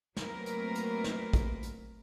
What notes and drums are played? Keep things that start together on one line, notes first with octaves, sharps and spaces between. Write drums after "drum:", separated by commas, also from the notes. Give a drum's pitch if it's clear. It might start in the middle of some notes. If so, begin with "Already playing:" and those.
F#3 A3 A#3 C4 A#4 B4, drum: snare
drum: hi-hat
drum: hi-hat
drum: snare
drum: kick, hi-hat
drum: hi-hat